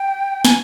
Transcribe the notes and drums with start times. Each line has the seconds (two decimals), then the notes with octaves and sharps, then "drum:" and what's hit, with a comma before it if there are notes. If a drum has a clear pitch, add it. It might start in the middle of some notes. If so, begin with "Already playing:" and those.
Already playing: G5
0.45 G#5, drum: snare